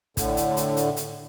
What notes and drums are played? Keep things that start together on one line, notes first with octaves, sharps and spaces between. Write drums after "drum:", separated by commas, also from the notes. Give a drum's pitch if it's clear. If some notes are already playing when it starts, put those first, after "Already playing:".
A2 D3, drum: kick, hi-hat
drum: hi-hat
drum: hi-hat
drum: hi-hat
drum: hi-hat